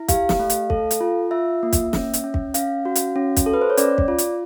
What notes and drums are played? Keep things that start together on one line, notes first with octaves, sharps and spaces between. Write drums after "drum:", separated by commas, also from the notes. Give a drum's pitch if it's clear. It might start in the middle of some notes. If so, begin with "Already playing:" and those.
Already playing: E4
G4 F5, drum: kick, hi-hat
drum: snare
A3
drum: hi-hat
A4, drum: kick
drum: hi-hat
F4
F4 E5
A#3
drum: kick, hi-hat
C#4, drum: snare
drum: hi-hat
C#4
drum: kick
C#4 F5, drum: hi-hat
F#4
drum: hi-hat
C#4
drum: kick, hi-hat
A4
B4
C5
C#5
C#4 D5, drum: hi-hat
drum: kick
F4
drum: hi-hat